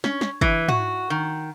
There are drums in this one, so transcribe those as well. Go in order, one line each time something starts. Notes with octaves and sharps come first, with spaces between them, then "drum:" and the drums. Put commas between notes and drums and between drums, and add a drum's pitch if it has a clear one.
C#4, drum: snare
drum: snare
E3, drum: kick
F#4, drum: tom G#2
D#3